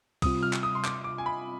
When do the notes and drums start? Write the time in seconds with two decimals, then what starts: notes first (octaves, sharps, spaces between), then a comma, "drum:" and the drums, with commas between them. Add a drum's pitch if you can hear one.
0.22 C3 G3 C4 F4 D#6, drum: kick C2, cymbal
0.43 F6
0.53 drum: clap
0.63 D#6
0.75 C6
0.85 D6, drum: clap
1.04 D6
1.18 G#5
1.26 B5